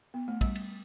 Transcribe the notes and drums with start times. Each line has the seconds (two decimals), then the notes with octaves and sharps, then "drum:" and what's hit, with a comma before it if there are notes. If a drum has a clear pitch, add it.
0.14 B3
0.28 A3
0.41 G3, drum: kick, cymbal
0.56 drum: cymbal